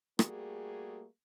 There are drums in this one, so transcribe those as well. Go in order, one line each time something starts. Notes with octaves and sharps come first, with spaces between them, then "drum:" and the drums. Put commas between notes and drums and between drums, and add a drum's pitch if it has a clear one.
G3 A3 A#3 F#4 G#4, drum: rim click